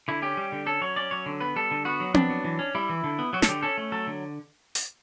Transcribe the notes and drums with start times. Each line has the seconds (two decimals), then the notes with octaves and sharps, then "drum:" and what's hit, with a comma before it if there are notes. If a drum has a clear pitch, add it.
0.08 D3 E4
0.22 C#4 G4
0.37 G3
0.52 D3
0.66 C#4 A4
0.81 F#3 C#5
0.96 C#4 D5
1.11 F#3 C#5
1.26 D3
1.40 B3 B4
1.56 G3 A4
1.71 D3
1.85 B3 F#4
2.00 F#3
2.14 B3 D4, drum: tom C4
2.30 F#3
2.45 E3
2.59 C#4
2.75 G3 E4
2.89 E3
3.04 D3
3.19 B3
3.33 F#3 F#4
3.42 A4, drum: snare
3.48 D3 G4
3.63 C#4 A4
3.78 A3
3.92 F#3 A4
4.07 D3
4.75 drum: open hi-hat